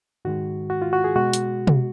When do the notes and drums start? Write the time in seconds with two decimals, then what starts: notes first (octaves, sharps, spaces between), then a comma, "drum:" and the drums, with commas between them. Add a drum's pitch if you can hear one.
0.25 G#2 D#3 G#3 F#4
0.70 F#4
0.82 F4
0.93 F#4
1.04 G#4
1.16 B2 G#3 F#4
1.33 drum: hi-hat
1.67 drum: tom